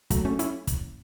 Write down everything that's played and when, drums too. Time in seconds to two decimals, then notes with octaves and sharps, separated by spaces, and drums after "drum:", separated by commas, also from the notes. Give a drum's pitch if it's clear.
0.10 F#3 A3, drum: kick, hi-hat
0.25 A3 C#4
0.39 C#4 E4, drum: hi-hat
0.67 drum: kick, hi-hat